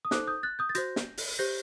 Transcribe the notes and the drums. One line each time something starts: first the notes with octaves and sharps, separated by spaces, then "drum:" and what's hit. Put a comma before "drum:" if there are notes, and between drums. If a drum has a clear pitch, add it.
D#6
D#4 A4 C5 D6 F#6, drum: snare
D#6 G6
F#6 A6
D#6 G6
A6
F#4 C5 G6 A#6, drum: hi-hat
drum: snare
drum: open hi-hat
G4 C5 G6 A#6